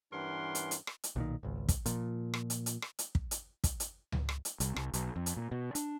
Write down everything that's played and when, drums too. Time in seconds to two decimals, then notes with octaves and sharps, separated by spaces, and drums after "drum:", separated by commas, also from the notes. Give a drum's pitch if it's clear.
0.12 G2 E3 C#4 A#4 F#5 C6
0.55 drum: hi-hat
0.71 drum: hi-hat
0.87 drum: rim click
1.04 drum: hi-hat
1.16 B1 A#2 D#3
1.43 G#1 C#2
1.69 drum: kick, hi-hat
1.86 A#2 F3, drum: hi-hat
2.34 drum: rim click
2.50 drum: hi-hat
2.66 drum: hi-hat
2.82 drum: rim click
2.99 drum: hi-hat
3.15 drum: kick
3.31 drum: hi-hat
3.64 drum: kick, hi-hat
3.80 drum: hi-hat
4.12 drum: tom C#2
4.29 drum: rim click
4.45 drum: hi-hat
4.60 C2, drum: hi-hat
4.76 C2, drum: rim click
4.93 B1, drum: hi-hat
5.16 F2
5.26 drum: hi-hat
5.36 A#2
5.52 B2
5.75 D4, drum: hi-hat